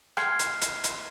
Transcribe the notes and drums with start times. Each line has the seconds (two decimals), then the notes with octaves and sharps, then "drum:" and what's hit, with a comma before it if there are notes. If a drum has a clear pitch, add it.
0.17 C6 F6 G#6 C7, drum: rim click
0.39 drum: hi-hat
0.61 drum: hi-hat
0.84 drum: hi-hat